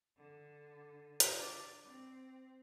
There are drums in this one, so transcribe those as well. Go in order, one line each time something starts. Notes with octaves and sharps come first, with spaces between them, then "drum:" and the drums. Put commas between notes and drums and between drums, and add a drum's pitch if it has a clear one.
D3
drum: hi-hat
D4 D5
C4